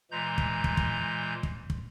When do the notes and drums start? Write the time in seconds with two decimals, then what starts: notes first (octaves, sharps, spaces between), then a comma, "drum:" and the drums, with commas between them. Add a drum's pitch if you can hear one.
0.11 A#2 E3 G#3 A#5 G6
0.38 drum: kick
0.64 drum: kick
0.77 drum: kick
1.43 drum: kick
1.70 drum: kick